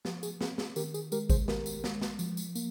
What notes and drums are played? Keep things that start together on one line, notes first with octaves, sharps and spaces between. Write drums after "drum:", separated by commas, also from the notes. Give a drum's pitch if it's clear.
F3 G4, drum: snare
G#4, drum: tambourine
C4 G#4, drum: snare
G#4, drum: snare
D#3 G4 A#4, drum: tambourine
G#4, drum: tambourine
G#3 G4 A#4, drum: tambourine
G#4 C5, drum: kick G#1, tambourine
D#3 G4 A#4, drum: snare
drum: tambourine
G#3, drum: snare
drum: snare
F3, drum: tambourine
drum: tambourine
A#3, drum: tambourine